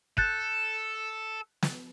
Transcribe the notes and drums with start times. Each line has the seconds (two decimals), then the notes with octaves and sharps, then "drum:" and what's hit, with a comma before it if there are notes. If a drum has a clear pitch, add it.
0.18 A4 F#6 G6 A6, drum: kick
1.62 drum: snare